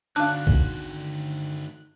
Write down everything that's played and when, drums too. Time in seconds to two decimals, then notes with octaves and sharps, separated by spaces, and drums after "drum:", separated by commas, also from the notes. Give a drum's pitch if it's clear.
0.16 D3 D#3 D4 F#4 F5 F#6, drum: hi-hat
0.47 drum: kick